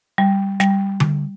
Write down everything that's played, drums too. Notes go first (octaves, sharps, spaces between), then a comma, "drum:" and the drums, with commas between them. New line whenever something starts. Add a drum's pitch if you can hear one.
G3
G3, drum: snare
drum: tom D3